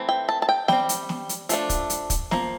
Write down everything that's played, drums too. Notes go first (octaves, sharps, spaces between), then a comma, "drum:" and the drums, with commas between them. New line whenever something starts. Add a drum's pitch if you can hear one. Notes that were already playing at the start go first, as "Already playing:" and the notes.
Already playing: E3 A3 C4
G5
A5
A5
G5
G3 C4 G5, drum: snare
drum: hi-hat
drum: snare
drum: hi-hat
F3 A3 D4, drum: hi-hat
drum: kick, hi-hat
drum: hi-hat
drum: kick, hi-hat
F3 A#3, drum: snare